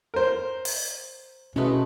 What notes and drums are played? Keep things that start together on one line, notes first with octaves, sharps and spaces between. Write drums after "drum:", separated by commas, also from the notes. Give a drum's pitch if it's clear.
A#4 C5
drum: open hi-hat
B2 G#3 A3 C#4 B4